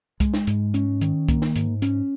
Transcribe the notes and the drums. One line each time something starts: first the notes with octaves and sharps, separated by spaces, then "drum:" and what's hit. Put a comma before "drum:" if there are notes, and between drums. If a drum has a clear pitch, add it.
G#3, drum: kick C2, hi-hat
drum: snare
G#2, drum: hi-hat
C#4, drum: hi-hat
D#3, drum: hi-hat
A#3, drum: kick C2, hi-hat
drum: snare
G#2, drum: hi-hat
C#4, drum: hi-hat